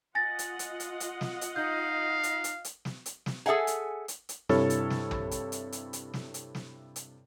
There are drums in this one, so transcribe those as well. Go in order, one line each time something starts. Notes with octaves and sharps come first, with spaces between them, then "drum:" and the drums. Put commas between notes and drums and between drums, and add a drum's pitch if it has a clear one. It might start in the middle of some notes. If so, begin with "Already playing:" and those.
F4 D#5 F#5 G#5 A6 A#6
drum: hi-hat
drum: hi-hat
drum: hi-hat
drum: hi-hat
drum: snare
drum: hi-hat
D#4 F5 G6
drum: hi-hat
drum: hi-hat
drum: hi-hat
drum: snare
drum: hi-hat
drum: snare
G#4 A4 E5 F#5 G#5
drum: hi-hat
drum: hi-hat
drum: hi-hat
G2 C3 E4 A4 C#5 F6, drum: snare
drum: hi-hat
drum: snare
drum: tom
drum: hi-hat
drum: hi-hat
drum: hi-hat
drum: hi-hat
drum: snare
drum: hi-hat
drum: snare
drum: hi-hat